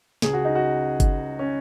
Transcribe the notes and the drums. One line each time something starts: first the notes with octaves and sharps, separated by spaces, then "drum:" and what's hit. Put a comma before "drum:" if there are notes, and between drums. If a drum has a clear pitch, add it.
C#2 C#3 G#4, drum: snare
F#4
D#4
F#4
drum: kick G1, hi-hat
C#4